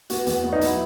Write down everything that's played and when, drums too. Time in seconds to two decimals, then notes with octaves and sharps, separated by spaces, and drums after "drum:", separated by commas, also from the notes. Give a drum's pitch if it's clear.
0.10 B3 F#4, drum: hi-hat
0.26 E2, drum: hi-hat
0.44 B3
0.53 D#4
0.61 F#3 E4, drum: hi-hat